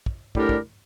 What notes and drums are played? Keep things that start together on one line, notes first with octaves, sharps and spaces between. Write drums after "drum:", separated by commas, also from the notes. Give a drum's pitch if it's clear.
drum: kick
A2 D3 G3 D4 G4 A#4, drum: kick
drum: kick